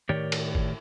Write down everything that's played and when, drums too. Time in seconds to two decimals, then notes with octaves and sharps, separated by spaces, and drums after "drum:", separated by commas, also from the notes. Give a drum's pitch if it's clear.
0.09 A2 D#3 G4 A#4 C#5 D5
0.32 drum: cymbal
0.55 drum: kick G1